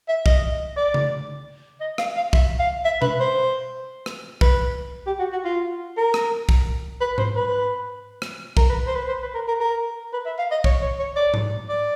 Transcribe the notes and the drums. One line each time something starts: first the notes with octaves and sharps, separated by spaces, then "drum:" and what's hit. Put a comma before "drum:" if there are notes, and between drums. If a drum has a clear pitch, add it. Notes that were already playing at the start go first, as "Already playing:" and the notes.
E5
D#5, drum: kick B1
D5
drum: tom C#3
D#5
F5, drum: rim click
F5
E5, drum: kick B1
F5
E5
B4, drum: tom B2
C5
drum: rim click
B4, drum: kick B1
G4
F#4
F#4
F4
A#4
drum: rim click
drum: kick B1
B4
C5, drum: tom G#2
B4
drum: rim click
A#4, drum: kick B1
B4
C5
B4
C5
B4
A#4
A#4
A#4
B4
E5
F5
D#5
C#5, drum: kick B1
C#5
C#5
D5
drum: tom G#2
D5